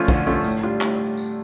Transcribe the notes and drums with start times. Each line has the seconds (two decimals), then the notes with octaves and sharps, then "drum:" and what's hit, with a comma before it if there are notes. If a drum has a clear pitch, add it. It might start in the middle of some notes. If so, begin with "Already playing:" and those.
Already playing: F3 A3 C#4 F4
0.08 D3, drum: kick
0.27 F3 A3 C#4 F4
0.44 A2, drum: tambourine
0.63 G3 D4 F4
0.81 A2, drum: clap
1.17 drum: tambourine